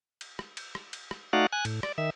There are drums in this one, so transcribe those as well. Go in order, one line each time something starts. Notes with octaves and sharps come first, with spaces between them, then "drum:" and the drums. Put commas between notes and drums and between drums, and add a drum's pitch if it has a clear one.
drum: cymbal
drum: rim click
drum: cymbal
drum: rim click
drum: cymbal
drum: rim click
A3 D#4 F#4 D5 F5 F#5
G#5 F#6
A2, drum: cymbal
D5, drum: rim click
D#3 E5